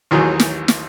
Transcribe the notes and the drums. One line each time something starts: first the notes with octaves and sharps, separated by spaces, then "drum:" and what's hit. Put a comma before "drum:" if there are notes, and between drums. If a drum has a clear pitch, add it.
A1 D#2 D#3 E3 F#3 G#4
drum: snare
drum: snare